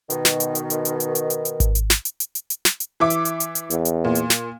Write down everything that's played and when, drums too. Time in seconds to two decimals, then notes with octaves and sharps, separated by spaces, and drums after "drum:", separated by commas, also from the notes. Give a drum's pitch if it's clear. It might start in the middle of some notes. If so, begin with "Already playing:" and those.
0.10 B2 D#3, drum: hi-hat
0.25 drum: snare
0.40 drum: hi-hat
0.55 drum: hi-hat
0.70 drum: hi-hat
0.85 drum: hi-hat
1.00 drum: hi-hat
1.15 drum: hi-hat
1.30 drum: hi-hat
1.45 drum: hi-hat
1.60 drum: kick G#1, hi-hat
1.75 drum: hi-hat
1.90 drum: snare
2.05 drum: hi-hat
2.20 drum: hi-hat
2.35 drum: hi-hat
2.50 drum: hi-hat
2.65 drum: snare
2.80 drum: hi-hat
3.00 E3 E5 D6
3.10 drum: hi-hat
3.25 drum: hi-hat
3.40 drum: hi-hat
3.55 drum: hi-hat
3.70 E2, drum: hi-hat
3.85 drum: hi-hat
4.04 A#2
4.15 drum: hi-hat
4.30 drum: snare